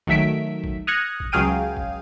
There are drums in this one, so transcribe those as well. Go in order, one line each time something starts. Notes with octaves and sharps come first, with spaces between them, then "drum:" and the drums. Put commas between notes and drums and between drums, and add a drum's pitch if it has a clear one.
D#3 F#3 A3 E5 B6 D7, drum: kick
drum: kick
D#6 F6 F#6 G#6 A#6 C#7
drum: kick
C#2 F#3 G#4 F5 G5 D#7
drum: kick